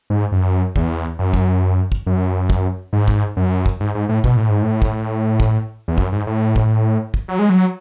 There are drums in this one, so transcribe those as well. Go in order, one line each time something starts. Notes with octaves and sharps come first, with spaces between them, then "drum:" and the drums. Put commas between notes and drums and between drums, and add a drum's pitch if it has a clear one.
G#2
F#2
E2, drum: kick
F#2
drum: kick
drum: kick
F#2
drum: kick
G#2
drum: kick
F#2
drum: kick
G#2
G#2
A2
B2, drum: kick
A2
G#2
A2
drum: kick
drum: kick
E2
F#2, drum: kick
G#2
A2
drum: kick
drum: kick
F#3
G#3
F#3